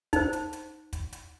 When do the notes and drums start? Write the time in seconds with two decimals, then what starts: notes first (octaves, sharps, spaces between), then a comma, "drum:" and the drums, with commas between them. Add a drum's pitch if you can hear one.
0.13 D#4 C5, drum: kick, hi-hat
0.33 drum: hi-hat
0.53 drum: hi-hat
0.93 drum: kick, hi-hat
1.13 drum: hi-hat